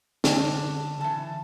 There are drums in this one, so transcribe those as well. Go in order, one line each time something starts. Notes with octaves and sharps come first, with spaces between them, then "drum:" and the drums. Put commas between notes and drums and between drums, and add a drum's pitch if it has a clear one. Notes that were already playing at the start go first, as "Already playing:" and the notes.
D3 D4, drum: snare
E3 A5